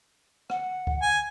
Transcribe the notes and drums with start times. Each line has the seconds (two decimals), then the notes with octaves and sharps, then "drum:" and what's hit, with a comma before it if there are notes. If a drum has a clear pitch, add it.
0.50 F#5, drum: rim click
0.87 drum: kick C#2
1.02 G#5